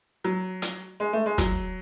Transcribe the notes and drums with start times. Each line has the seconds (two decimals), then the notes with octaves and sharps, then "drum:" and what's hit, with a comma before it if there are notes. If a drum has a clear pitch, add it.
0.24 F#3
0.62 drum: hi-hat
1.00 G#3
1.13 A3
1.26 G#3
1.38 F#3, drum: kick, hi-hat